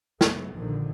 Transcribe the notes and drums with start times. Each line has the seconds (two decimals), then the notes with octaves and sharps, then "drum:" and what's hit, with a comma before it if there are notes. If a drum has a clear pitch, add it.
0.21 C#2 F#3 A3 B3, drum: snare
0.54 A#1 D3 D#3 F3